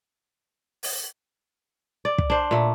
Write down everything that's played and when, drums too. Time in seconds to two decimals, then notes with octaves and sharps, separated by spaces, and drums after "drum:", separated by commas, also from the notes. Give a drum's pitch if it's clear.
0.83 drum: open hi-hat
2.05 D5
2.18 drum: kick
2.30 D4 C5
2.51 A#2 A3